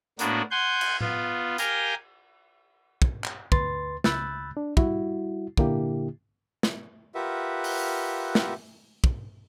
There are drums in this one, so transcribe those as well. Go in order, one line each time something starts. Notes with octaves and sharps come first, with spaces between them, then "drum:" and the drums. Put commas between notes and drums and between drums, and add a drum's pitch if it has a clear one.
A2 A#3 B3 D4 F#4, drum: hi-hat
F#5 G#5 C6 G6
drum: cymbal
B3 F4, drum: tom A2
G4 A#4 F5 G#5 G6 A#6, drum: hi-hat
drum: kick
drum: clap
D2 B4 C6 A6, drum: kick
C#2 B5 E6 F#6 G6 A6, drum: snare
D4
G3 E4 F#4, drum: kick
A#2 D3 A#3 E4 G4, drum: kick
drum: snare
F4 G4 A#4 B4 E5 F#5
drum: open hi-hat
drum: snare
drum: kick